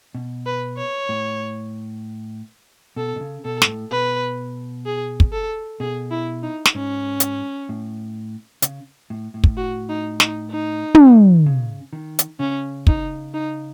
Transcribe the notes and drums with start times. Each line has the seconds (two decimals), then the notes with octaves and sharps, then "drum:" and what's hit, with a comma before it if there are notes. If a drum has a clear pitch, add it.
0.15 B2
0.46 B4
0.77 C#5
1.09 A2
2.96 B2 A4
3.16 B2
3.21 C#3
3.45 B2 A4
3.62 G#2, drum: snare
3.68 A2
3.91 B2 B4
4.86 G#4
5.20 drum: kick
5.32 A4
5.80 B2 G#4
6.11 E4
6.42 D#4
6.65 drum: snare
6.75 G#2 C#4
7.20 drum: hi-hat
7.69 A2
8.62 C#3, drum: hi-hat
9.10 A2
9.34 A2
9.44 drum: kick
9.57 F#4
9.89 D#4
10.20 D#4, drum: snare
10.51 D#4
10.95 drum: tom
11.46 C#3
11.93 D#3
12.19 drum: hi-hat
12.39 C#3 C#4
12.87 D#4, drum: kick
13.34 D#4